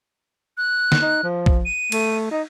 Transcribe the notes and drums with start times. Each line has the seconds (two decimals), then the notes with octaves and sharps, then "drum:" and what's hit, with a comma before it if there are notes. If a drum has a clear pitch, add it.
0.57 F#6
0.92 drum: snare
1.01 D#4
1.23 F3
1.46 drum: kick
1.65 D#7
1.92 A3, drum: cymbal
2.31 D#4